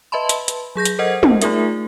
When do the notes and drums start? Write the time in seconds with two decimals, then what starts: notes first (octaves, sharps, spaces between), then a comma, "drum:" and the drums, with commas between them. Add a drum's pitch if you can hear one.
0.12 B4 D#5 E5 A5 B5 C6
0.29 drum: hi-hat
0.48 drum: hi-hat
0.76 F#3 G#4 G6 A#6
0.85 drum: hi-hat
0.99 A4 A#4 C5 D#5 F#5 G#6
1.23 drum: tom
1.42 A3 D#4 F4 G#4 A#4 E5, drum: hi-hat